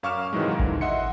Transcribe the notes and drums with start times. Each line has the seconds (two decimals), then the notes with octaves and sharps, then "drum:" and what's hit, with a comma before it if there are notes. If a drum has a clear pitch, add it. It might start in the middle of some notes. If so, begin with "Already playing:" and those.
0.03 F#2 F5 C#6 D6 F6 E7
0.33 G#2 C3 D#3 E3 F#3 G#3
0.59 D3 E3, drum: kick G#1
0.81 D#5 E5 F#5 C6 C#7